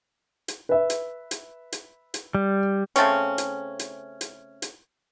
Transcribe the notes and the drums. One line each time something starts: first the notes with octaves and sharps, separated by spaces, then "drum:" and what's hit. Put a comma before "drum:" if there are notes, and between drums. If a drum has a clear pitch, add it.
drum: hi-hat
B4 E5
drum: hi-hat
drum: hi-hat
drum: hi-hat
drum: hi-hat
G3
C#3 A3 C4 C#4, drum: hi-hat
drum: hi-hat
drum: hi-hat
drum: hi-hat
drum: hi-hat